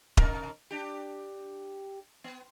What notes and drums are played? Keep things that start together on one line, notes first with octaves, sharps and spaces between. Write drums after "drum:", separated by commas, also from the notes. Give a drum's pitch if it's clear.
C3 A#4, drum: kick D#1
D4 G4
B3